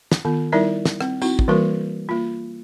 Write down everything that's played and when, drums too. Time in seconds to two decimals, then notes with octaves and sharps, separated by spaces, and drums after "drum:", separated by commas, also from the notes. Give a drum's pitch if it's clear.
0.12 drum: snare
0.25 D#3 B3 F4
0.52 G3 D#4 E4 A#4 D5 E5
0.85 drum: snare
1.01 C4, drum: rim click
1.22 C4 D#4 E4 F#4, drum: tambourine
1.39 drum: kick
1.48 E3 G3 A#3 F#4 A#4
2.09 A#3 F4